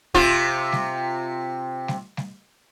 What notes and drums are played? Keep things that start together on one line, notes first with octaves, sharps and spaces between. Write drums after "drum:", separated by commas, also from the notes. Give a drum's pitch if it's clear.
C3 F4, drum: kick
drum: snare G3
drum: snare G3
drum: snare G3